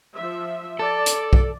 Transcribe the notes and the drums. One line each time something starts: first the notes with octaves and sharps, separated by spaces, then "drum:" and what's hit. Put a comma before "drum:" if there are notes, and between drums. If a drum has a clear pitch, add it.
F3 E5
A4 D5
drum: hi-hat
drum: kick